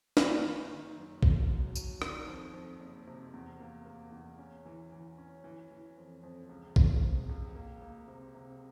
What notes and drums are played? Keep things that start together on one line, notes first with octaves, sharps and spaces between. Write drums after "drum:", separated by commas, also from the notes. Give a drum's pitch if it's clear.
F#1, drum: snare
D#3
D#3
F#2
D#2, drum: kick
F#3
F#3, drum: tambourine
D#3, drum: rim click
F2
F2
F#1
C3
E2
A#3
A#3
E2
C#4
E3
E3
C#4
E3
E3
F2
F2
C#2
C#2, drum: kick
C3
C#2
A#3
A#3
C3
C3